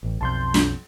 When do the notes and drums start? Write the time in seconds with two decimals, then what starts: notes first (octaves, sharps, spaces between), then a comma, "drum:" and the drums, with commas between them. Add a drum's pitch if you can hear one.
0.03 A1
0.21 B1 F2 A5 C6 G6
0.54 drum: snare